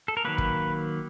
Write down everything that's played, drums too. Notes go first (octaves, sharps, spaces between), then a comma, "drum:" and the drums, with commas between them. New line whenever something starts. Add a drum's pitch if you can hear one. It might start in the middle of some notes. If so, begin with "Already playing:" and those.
A4
A#4
D#3 F#3 A#3 B4
drum: kick